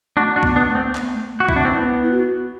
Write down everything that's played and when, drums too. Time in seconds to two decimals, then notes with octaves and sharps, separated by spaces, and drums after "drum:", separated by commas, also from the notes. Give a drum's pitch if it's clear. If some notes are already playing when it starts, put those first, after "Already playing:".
0.17 A3 D4 F#4
0.36 D4 F#4
0.43 B3, drum: kick B1
0.56 B3 D4
0.69 A3
0.75 C4
0.95 B3, drum: clap
1.14 A3
1.34 A3
1.40 F#4
1.49 E4, drum: kick B1
1.53 C4
1.56 D4
1.65 C4
1.72 B3 E4
2.03 E4
2.11 F#4